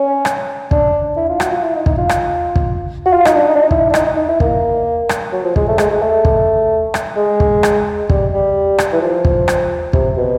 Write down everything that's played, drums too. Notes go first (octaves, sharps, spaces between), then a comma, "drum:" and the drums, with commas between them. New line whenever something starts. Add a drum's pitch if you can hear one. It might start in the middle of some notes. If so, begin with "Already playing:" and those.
Already playing: C#4
drum: rim click
D4, drum: kick
E4
F4
F#4, drum: rim click
F4
E4
D#4
D#4, drum: kick
F4
drum: rim click
drum: kick
F#4
F4
D#4, drum: rim click
D4
D#4
D4
D#4
E4, drum: kick
D4
D#4, drum: rim click
D#4
D#4
E4
A#3, drum: kick
drum: rim click
F#3
F3
G#3, drum: kick
A3
G#3, drum: rim click
G#3
A3
drum: kick
drum: rim click
G#3
drum: kick
drum: rim click
G3, drum: kick
G3
drum: rim click
E3
F3
drum: kick
drum: rim click
C3, drum: kick
B2